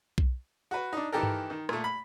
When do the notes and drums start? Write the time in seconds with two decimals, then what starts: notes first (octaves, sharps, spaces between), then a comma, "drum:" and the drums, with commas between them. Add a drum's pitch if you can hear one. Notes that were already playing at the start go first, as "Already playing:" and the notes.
0.18 drum: kick B1
0.71 F#4 B4
0.93 D4 D#4
1.12 D#3 E3 G4 A4 A#4
1.23 drum: tom G2
1.50 D#3
1.69 A#2 A3, drum: rim click
1.84 B5